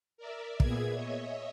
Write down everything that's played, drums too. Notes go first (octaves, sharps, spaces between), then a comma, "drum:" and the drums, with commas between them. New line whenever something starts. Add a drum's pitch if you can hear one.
A#4 D5 E5
A#2 B3 G#4 E5 G#6, drum: kick
C#5 D#5 E5